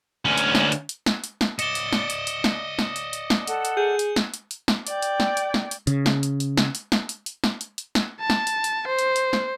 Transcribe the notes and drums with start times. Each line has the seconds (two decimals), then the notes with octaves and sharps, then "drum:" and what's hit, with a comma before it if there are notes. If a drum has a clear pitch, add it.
0.25 D2 C#4
0.38 drum: hi-hat
0.55 drum: snare
0.72 drum: hi-hat
0.89 drum: hi-hat
1.06 drum: snare
1.24 drum: hi-hat
1.41 drum: snare
1.59 D5 D#5 C#7 E7 G7, drum: hi-hat
1.75 drum: hi-hat
1.92 drum: snare
2.10 drum: hi-hat
2.27 drum: hi-hat
2.44 drum: snare
2.79 drum: snare
2.96 drum: hi-hat
3.13 drum: hi-hat
3.30 drum: snare
3.47 A4 F#5, drum: hi-hat
3.65 drum: hi-hat
3.77 G#4 G6
3.99 drum: hi-hat
4.16 drum: snare
4.34 drum: hi-hat
4.51 drum: hi-hat
4.68 drum: snare
4.87 D5 G5, drum: hi-hat
5.02 drum: hi-hat
5.20 drum: snare
5.37 drum: hi-hat
5.54 drum: snare
5.71 drum: hi-hat
5.87 C#3, drum: hi-hat
6.06 drum: snare
6.23 drum: hi-hat
6.40 drum: hi-hat
6.57 drum: snare
6.75 drum: hi-hat
6.92 drum: snare
7.09 drum: hi-hat
7.26 drum: hi-hat
7.44 drum: snare
7.61 drum: hi-hat
7.78 drum: hi-hat
7.95 drum: snare
8.20 A5
8.30 drum: snare
8.47 drum: hi-hat
8.64 drum: hi-hat
8.87 C5
8.99 drum: hi-hat
9.16 drum: hi-hat
9.33 drum: snare